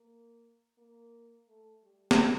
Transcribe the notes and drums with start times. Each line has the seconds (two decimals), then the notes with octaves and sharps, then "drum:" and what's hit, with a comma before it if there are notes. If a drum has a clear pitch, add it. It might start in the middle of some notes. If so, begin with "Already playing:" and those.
Already playing: A#3
0.78 A#3
1.48 A3
1.83 G3
2.11 drum: snare